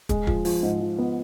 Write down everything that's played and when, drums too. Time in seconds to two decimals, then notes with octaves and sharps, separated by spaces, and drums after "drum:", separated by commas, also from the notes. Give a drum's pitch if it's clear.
0.09 G#3, drum: kick, hi-hat
0.27 F3, drum: kick
0.45 F3, drum: open hi-hat
0.63 G#2
0.81 F3
0.98 B3